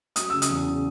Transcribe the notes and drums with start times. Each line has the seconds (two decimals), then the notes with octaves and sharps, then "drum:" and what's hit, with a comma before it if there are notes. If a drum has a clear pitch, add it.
0.16 F#3 D#6, drum: hi-hat
0.30 C#3 E6
0.42 D#6, drum: hi-hat
0.50 E2
0.67 C#3